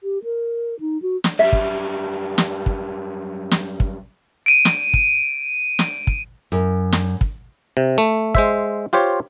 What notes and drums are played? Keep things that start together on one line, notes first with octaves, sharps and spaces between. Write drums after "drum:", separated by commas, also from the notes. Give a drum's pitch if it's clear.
G4
A#4
D#4
F#4
drum: snare
F#2 G3 E5
drum: kick
drum: snare
drum: kick
drum: snare
drum: kick
D7 D#7
drum: snare
drum: kick
drum: snare
drum: kick
F#2
drum: snare
drum: kick
C3
A3
G#3 C5 E5, drum: kick
F4 G4 C5 C#5